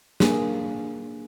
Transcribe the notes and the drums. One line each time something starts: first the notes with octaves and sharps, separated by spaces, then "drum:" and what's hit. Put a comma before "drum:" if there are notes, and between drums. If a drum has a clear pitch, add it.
A#3 D4 G#4, drum: snare